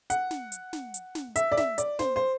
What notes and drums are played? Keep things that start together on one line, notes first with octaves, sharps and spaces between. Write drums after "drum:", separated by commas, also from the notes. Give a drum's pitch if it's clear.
F#5, drum: hi-hat
drum: snare
drum: hi-hat
drum: snare
drum: hi-hat
drum: snare
E5, drum: hi-hat
D5
E5, drum: snare
D5, drum: hi-hat
C5, drum: snare
C5